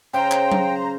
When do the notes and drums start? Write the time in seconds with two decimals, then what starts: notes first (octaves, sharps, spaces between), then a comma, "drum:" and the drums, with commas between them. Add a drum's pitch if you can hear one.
0.14 C#3 C5 G5 A#5
0.31 drum: clap
0.52 drum: tom F#3